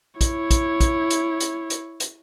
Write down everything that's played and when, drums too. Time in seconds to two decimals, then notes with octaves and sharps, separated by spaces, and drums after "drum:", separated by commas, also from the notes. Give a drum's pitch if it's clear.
0.21 E4 C#5, drum: kick, hi-hat
0.51 drum: kick, hi-hat
0.80 drum: kick, hi-hat
1.10 drum: hi-hat
1.40 drum: hi-hat
1.70 drum: hi-hat
2.00 drum: hi-hat